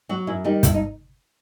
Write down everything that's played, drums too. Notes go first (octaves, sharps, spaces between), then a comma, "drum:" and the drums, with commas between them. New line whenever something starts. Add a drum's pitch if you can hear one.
F#3 F#4
F#2 E4
D#3 G3 D#4
G2 E4, drum: kick, hi-hat
D#4